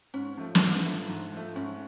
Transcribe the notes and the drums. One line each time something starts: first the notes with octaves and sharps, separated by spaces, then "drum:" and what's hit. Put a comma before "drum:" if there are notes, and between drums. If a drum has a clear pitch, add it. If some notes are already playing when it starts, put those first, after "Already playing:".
G#2 C#4
F3 A3
C#4, drum: snare
G#2 D4
F3 A3
G#2
F3 A3
G#2 C#4